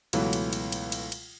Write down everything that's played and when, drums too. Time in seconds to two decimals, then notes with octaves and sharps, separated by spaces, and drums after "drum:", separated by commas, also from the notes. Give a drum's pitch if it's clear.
0.13 C#2 B2 E3 F#3 A3, drum: cymbal
0.33 drum: cymbal
0.53 drum: cymbal
0.72 drum: cymbal
0.92 drum: cymbal
1.12 drum: cymbal